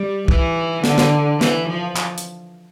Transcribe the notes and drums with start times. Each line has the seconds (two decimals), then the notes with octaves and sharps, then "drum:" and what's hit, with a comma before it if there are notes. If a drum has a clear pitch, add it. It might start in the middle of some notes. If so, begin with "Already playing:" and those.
Already playing: G3
0.28 E3, drum: kick
0.84 D3, drum: snare
0.98 drum: snare
1.41 E3, drum: snare
1.68 F3
1.96 drum: clap
2.18 drum: hi-hat